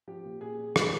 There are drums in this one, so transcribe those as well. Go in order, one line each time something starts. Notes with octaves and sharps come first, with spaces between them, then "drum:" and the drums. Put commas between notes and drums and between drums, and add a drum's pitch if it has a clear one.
F3 G4
A#2
A#2 G#4
A#2
G#3, drum: rim click